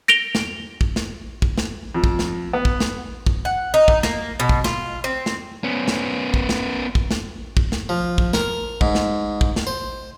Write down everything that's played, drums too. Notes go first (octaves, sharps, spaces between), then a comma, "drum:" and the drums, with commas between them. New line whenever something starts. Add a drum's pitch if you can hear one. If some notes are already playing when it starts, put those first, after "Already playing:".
A#6 D7 F7 G7
drum: snare
drum: kick
drum: snare
drum: kick
drum: snare
F2
drum: kick
drum: snare
B3
drum: kick
drum: snare
drum: kick
F#5
D#4
drum: kick
A#3, drum: snare
B2
drum: kick
F4, drum: snare
C4
drum: snare
B3 C#4
drum: snare
drum: kick
drum: snare
drum: kick
drum: snare
drum: kick
drum: snare
F3
drum: kick
A#4, drum: snare
G#2, drum: kick
drum: snare
drum: kick
drum: snare
C5